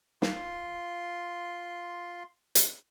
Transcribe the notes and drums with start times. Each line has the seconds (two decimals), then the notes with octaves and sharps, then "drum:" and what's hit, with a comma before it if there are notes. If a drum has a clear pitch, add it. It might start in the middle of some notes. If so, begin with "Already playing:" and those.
0.22 F4 C6, drum: snare
2.55 drum: hi-hat